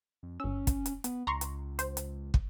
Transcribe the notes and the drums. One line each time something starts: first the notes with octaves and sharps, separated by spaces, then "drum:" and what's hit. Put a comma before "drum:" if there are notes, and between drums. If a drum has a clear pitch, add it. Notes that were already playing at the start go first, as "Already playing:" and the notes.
F2
G1 C#4 E6
drum: kick, hi-hat
drum: hi-hat
B3, drum: hi-hat
C#2 A#5 C6 C#6
drum: hi-hat
C5, drum: hi-hat
drum: hi-hat
drum: kick